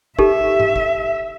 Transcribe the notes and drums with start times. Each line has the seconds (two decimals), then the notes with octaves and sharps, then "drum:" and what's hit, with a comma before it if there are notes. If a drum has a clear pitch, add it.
0.19 D#4 G4 A4 E5, drum: kick
0.60 drum: tom G#2
0.76 drum: kick